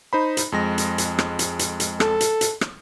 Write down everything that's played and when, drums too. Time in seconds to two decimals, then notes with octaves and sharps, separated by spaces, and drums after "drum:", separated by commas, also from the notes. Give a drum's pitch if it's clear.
0.13 D#4 C5 B5
0.37 drum: hi-hat
0.52 F2 G#3 A#6
0.78 drum: hi-hat
0.98 drum: hi-hat
1.19 drum: rim click
1.39 drum: hi-hat
1.59 drum: hi-hat
1.80 drum: hi-hat
2.00 A4, drum: rim click
2.21 drum: hi-hat
2.41 drum: hi-hat
2.61 drum: rim click